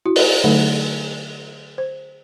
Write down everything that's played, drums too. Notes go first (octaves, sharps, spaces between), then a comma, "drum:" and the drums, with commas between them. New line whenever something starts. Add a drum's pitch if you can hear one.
E4 F#4
drum: open hi-hat
D3 F#3 A3 D#4 A4
C5